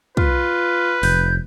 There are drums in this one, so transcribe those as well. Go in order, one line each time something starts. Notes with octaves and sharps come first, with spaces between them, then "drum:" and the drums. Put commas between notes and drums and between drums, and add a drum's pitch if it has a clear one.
F4 B4, drum: kick
F1 G6, drum: open hi-hat